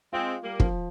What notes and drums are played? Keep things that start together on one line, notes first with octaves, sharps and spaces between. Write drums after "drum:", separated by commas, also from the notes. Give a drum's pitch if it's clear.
G#3 C4 F4
G3 A#3
F3, drum: kick